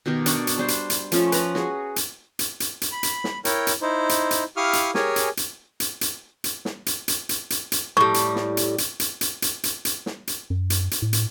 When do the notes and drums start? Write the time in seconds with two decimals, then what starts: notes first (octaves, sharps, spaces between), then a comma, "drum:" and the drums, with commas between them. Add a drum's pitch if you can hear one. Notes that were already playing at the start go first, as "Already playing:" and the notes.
0.06 B2 D#3 G4 A#4
0.26 D4 D5 C#6, drum: hi-hat
0.47 drum: hi-hat
0.58 G3 D4 C5
0.68 drum: hi-hat
0.90 drum: hi-hat
1.12 F3 A3 C#4, drum: hi-hat
1.32 B4 A#5, drum: hi-hat
1.55 F#4 G#4, drum: snare
1.96 drum: hi-hat
2.39 drum: hi-hat
2.60 drum: hi-hat
2.81 drum: hi-hat
2.92 B5
3.03 drum: hi-hat
3.24 drum: snare
3.45 E4 A#4 C#5 G5, drum: hi-hat
3.67 drum: hi-hat
3.82 D#4 E4 C5
4.09 drum: hi-hat
4.31 drum: hi-hat
4.57 E4 G4 F5 C#6 D#6 F6
4.73 drum: hi-hat
4.95 G4 G#4 A#4 C#5 G#5, drum: snare
5.16 drum: hi-hat
5.37 drum: hi-hat
5.80 drum: hi-hat
6.01 drum: hi-hat
6.44 drum: hi-hat
6.65 drum: snare
6.86 drum: hi-hat
7.08 drum: hi-hat
7.29 drum: hi-hat
7.50 drum: hi-hat
7.72 drum: hi-hat
7.97 A2 G3 C#6
8.14 drum: hi-hat
8.36 drum: snare
8.57 drum: hi-hat
8.78 drum: hi-hat
9.00 drum: hi-hat
9.21 drum: hi-hat
9.42 drum: hi-hat
9.64 drum: hi-hat
9.85 drum: hi-hat
10.06 drum: snare
10.27 drum: hi-hat
10.50 F#2
10.70 drum: hi-hat
10.91 drum: hi-hat
11.02 A2
11.13 drum: hi-hat